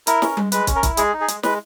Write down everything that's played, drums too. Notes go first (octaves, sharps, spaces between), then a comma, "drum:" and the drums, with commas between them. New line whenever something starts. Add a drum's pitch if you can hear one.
E4 A#4, drum: hi-hat
C#4, drum: snare
G#3, drum: tom G3
G#3 B4, drum: hi-hat
C#4, drum: kick, hi-hat
A#4
E4, drum: kick, hi-hat
G#3 G#4, drum: hi-hat
D#4
G#4
G#3, drum: hi-hat
G#3 B4, drum: snare